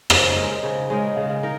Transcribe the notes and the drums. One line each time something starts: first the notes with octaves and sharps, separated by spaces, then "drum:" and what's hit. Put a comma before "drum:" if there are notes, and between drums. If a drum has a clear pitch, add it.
C#3 C5, drum: rim click
D#5
G#3 D#4 A#4 C#5
C#3 C5
G#3 D#4 A#4 C#5
C#3 F5
D#4 A#4